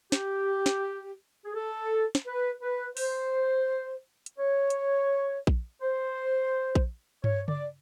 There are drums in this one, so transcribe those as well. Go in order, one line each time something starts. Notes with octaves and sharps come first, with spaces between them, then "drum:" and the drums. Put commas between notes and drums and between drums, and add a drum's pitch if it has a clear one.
G4, drum: snare
drum: snare
G#4
A4
drum: snare
B4
B4
C5, drum: open hi-hat
drum: hi-hat
C#5
drum: hi-hat
drum: kick A#1
C5
drum: kick A#1
C#5, drum: tom G2
D5, drum: tom C#3